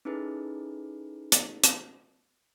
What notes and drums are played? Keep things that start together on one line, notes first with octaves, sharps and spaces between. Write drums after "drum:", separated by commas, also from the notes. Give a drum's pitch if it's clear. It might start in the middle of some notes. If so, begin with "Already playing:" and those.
C#4 D#4 E4 G#4 A4 B4
drum: hi-hat
drum: hi-hat